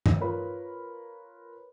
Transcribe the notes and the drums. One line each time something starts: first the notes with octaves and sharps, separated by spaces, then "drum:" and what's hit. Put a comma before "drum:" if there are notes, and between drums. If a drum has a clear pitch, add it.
drum: tom G2
F4 A#4 B4 C#5 B5